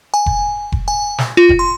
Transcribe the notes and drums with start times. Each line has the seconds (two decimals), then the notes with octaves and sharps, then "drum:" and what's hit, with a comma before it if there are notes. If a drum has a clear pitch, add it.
0.14 G#5
0.26 drum: kick F1
0.72 drum: kick F1
0.88 G#5
1.18 drum: snare
1.37 F4
1.49 drum: kick F1
1.59 C6